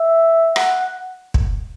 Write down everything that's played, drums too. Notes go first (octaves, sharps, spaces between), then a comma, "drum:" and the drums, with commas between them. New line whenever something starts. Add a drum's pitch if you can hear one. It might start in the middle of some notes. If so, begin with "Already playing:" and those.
Already playing: E5
F#5, drum: rim click
drum: kick